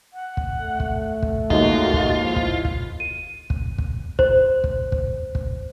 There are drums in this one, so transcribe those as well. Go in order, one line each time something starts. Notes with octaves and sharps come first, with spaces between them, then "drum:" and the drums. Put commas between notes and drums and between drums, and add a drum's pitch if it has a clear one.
F#5
drum: kick
A3
drum: kick
drum: kick
D#2 G#3 D#4 F4 F#4, drum: kick
drum: kick
F3 E4
drum: kick
drum: kick
D#7
drum: kick
drum: kick
C5, drum: kick
drum: kick
drum: kick
drum: kick